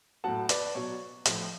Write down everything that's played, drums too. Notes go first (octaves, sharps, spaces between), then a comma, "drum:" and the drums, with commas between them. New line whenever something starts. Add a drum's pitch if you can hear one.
A2 F#3 F#5 A5
B4 D5, drum: hi-hat
B2 F#3 C#5
A2 F3, drum: hi-hat